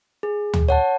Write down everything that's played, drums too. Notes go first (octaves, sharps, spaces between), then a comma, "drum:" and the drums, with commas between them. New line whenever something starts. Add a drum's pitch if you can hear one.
G#4
drum: tom
C#5 F#5 A5